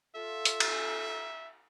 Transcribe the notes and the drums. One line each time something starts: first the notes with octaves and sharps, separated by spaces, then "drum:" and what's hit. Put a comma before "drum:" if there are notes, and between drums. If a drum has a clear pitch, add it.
F4 A4 E5
drum: hi-hat
drum: cymbal